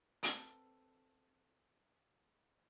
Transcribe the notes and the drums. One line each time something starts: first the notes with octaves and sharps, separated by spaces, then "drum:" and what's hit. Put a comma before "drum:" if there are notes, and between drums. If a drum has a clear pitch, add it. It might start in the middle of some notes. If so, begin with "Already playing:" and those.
C4 A4 B4 F5 B5, drum: hi-hat